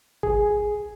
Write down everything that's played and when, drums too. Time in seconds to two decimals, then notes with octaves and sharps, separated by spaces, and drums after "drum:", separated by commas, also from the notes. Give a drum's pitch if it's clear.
0.23 G#4, drum: kick